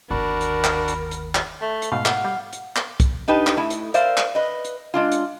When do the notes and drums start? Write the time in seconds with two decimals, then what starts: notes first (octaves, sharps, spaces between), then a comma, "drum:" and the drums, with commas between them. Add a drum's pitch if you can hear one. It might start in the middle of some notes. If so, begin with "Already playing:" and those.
0.11 G1 D#2 D4 F#4 A#4 B5
0.41 drum: hi-hat
0.64 drum: clap
0.88 drum: hi-hat
1.11 drum: hi-hat
1.35 drum: clap
1.62 A3
1.82 drum: hi-hat
1.92 G#2 B2 A3 F5
2.06 F#5, drum: clap
2.25 G3
2.53 drum: hi-hat
2.76 drum: clap
3.00 drum: kick, hi-hat
3.28 D4 D#4 G4 B4 A5
3.47 drum: clap
3.57 A3 E4
3.70 drum: hi-hat
3.94 A#4 C5 D5 E5 F5, drum: hi-hat
4.17 drum: clap
4.35 B4 D#5
4.65 drum: hi-hat
4.94 G#3 D4 F4
5.12 drum: hi-hat